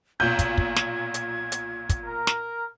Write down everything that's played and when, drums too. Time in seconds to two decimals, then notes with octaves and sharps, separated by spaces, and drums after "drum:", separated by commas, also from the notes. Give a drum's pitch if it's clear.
0.20 B1 A#2 G6 G#6
0.39 drum: kick, hi-hat
0.58 drum: kick
0.76 drum: snare
1.14 drum: hi-hat
1.52 drum: hi-hat
1.89 drum: kick, hi-hat
2.04 A#4
2.27 drum: snare